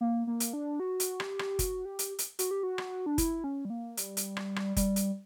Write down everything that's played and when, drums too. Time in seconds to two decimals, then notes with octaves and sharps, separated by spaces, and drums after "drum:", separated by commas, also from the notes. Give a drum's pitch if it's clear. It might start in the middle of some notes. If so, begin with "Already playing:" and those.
0.01 A#3
0.27 A#3
0.40 drum: hi-hat
0.53 D4
0.80 F#4
1.00 drum: hi-hat
1.20 G4, drum: rim click
1.39 drum: rim click
1.59 F#4, drum: kick F#1, hi-hat
1.85 G4
1.99 drum: hi-hat
2.19 drum: hi-hat
2.39 F#4, drum: hi-hat
2.51 G4
2.63 F#4
2.78 drum: rim click
3.06 D4
3.18 E4, drum: kick F#1, hi-hat
3.44 C#4
3.65 G3
3.70 A#3
3.97 G3, drum: hi-hat
4.17 drum: hi-hat
4.37 drum: rim click
4.56 drum: rim click
4.77 G3, drum: kick F#1, hi-hat
4.96 drum: hi-hat